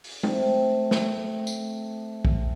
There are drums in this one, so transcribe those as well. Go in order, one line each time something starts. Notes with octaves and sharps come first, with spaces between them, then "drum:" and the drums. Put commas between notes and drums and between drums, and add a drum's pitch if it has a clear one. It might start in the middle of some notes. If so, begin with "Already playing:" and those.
drum: open hi-hat
A3 C4, drum: tom G#3
drum: snare
drum: tambourine
drum: kick